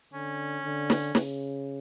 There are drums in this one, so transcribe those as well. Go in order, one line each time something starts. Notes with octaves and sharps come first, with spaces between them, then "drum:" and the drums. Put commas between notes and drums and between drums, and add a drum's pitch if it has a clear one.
D3 C#4
D3
drum: snare
C#3, drum: snare